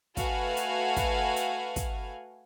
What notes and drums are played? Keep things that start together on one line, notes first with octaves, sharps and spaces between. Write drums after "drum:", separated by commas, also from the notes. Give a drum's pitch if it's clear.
A3 F#4 B4 F5 F#5 G#5, drum: kick, hi-hat
drum: hi-hat
drum: kick, hi-hat
drum: hi-hat
drum: kick, hi-hat